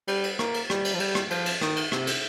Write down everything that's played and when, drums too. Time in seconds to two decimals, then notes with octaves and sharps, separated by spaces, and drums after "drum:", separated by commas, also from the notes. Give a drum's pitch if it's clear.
0.08 G3, drum: cymbal
0.24 drum: cymbal
0.39 A#3, drum: rim click
0.54 drum: cymbal
0.70 G3, drum: rim click
0.85 drum: cymbal
0.94 F3
1.00 G3, drum: cymbal
1.15 drum: rim click
1.30 F3, drum: cymbal
1.46 drum: cymbal
1.61 D#3, drum: rim click
1.76 drum: cymbal
1.92 C3, drum: rim click
2.07 drum: cymbal